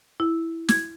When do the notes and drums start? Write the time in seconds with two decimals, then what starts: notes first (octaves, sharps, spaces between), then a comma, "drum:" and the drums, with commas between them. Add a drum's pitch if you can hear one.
0.20 E4
0.69 G#6, drum: snare